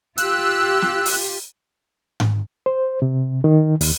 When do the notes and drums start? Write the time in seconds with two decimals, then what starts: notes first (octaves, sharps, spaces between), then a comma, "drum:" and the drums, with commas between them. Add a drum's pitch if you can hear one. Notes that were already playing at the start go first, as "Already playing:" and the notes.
0.18 F4 G4 E6 F#6, drum: hi-hat
0.82 drum: snare
1.06 drum: open hi-hat
2.20 drum: tom G#2
2.66 C5
3.02 C3
3.44 D#3
3.81 D#2, drum: open hi-hat